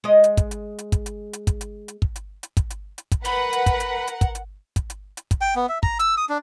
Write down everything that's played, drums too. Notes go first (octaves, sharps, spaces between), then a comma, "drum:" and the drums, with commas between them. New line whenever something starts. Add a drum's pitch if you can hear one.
G#3 D#5
drum: hi-hat
drum: kick, hi-hat
drum: hi-hat
drum: hi-hat
drum: kick, hi-hat
drum: hi-hat
drum: hi-hat
drum: kick, hi-hat
drum: hi-hat
drum: hi-hat
drum: kick
drum: hi-hat
drum: hi-hat
drum: kick, hi-hat
drum: hi-hat
drum: hi-hat
drum: kick, hi-hat
A#4 B4 F#5 B5, drum: hi-hat
drum: hi-hat
drum: kick, hi-hat
drum: hi-hat
drum: hi-hat
drum: kick, hi-hat
drum: hi-hat
drum: kick, hi-hat
drum: hi-hat
drum: hi-hat
drum: kick, hi-hat
G5
B3
E5
A#5, drum: kick
E6, drum: hi-hat
D#6
D4